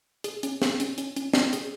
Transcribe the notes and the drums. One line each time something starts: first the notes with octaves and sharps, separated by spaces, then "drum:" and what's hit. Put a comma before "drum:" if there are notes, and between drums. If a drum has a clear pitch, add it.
G#4, drum: hi-hat
C#4, drum: hi-hat
G#4, drum: snare
C#4, drum: hi-hat
C#4, drum: hi-hat
C#4, drum: hi-hat
C#4, drum: snare
G#4, drum: hi-hat